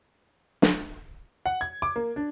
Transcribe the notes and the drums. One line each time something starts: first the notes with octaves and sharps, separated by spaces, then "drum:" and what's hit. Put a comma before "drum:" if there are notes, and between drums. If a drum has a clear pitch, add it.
drum: snare
F#5
G#6
D6
A#3
D4